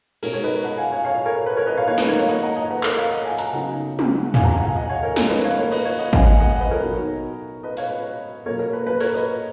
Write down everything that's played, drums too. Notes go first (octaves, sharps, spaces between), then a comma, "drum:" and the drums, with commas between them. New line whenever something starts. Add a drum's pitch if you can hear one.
B2 G#3 D#4 A#4 C#5, drum: cymbal
A#4 C#5
B4 D#5
D#5 F#5
F5 G#5
C#5 F5
C#5 F5
A#4 C#5
B4
A#4 C#5
B4 D#5
C#5 F5
D#3 A#3 D#4 C#5 F5
B4 D#5, drum: snare
A#4 C#5
C#5 F5
D#5 F#5
F#5 A#5
D#5 F#5
B4
A#4 C#5, drum: clap
C#5 F5
D#5 F#5
F5 G#5
F#5 A#5, drum: hi-hat
C#3 F#3 B3 D#4
drum: tom
F#5
F5 G#5, drum: tom
F#5 A#5
F5 G#5
F5 G#5
D#5 F#5
C#5 F5
A#4 C#5
D#3 A#3 C#4 A#4 C#5, drum: snare
B4 D#5
C#5 F5
A#4 C#5
B4 D#5, drum: cymbal
C#5 F5
D#5 F#5
F5 G#5, drum: kick
D#5 F#5
D#5 F#5
D#5 F#5
B4 D#5
A#4 C#5
B2 F#3 B3 D#4
B4 D#5
C#5 F5, drum: open hi-hat
B4
B2 F#3 A#3 A#4 C#5
A#4
B4
B4
A#4 C#5, drum: open hi-hat
B4 D#5